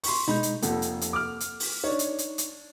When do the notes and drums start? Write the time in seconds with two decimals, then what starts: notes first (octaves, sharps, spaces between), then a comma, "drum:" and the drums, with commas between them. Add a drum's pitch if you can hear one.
0.04 C6 C#6, drum: open hi-hat
0.28 B2 G#3 D#4 B5 G6
0.43 drum: hi-hat
0.62 F1 F2 A#3 A4 F#5, drum: hi-hat
0.82 drum: hi-hat
1.01 drum: hi-hat
1.13 D6 F6
1.40 drum: hi-hat
1.60 drum: open hi-hat
1.84 D4 D#4 C#5
1.99 drum: hi-hat
2.18 drum: hi-hat
2.38 drum: hi-hat